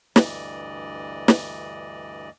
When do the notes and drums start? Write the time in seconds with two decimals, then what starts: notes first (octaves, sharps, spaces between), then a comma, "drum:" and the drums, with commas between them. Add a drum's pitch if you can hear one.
0.16 D2 G2 E3 D5 D#5, drum: snare
1.28 drum: snare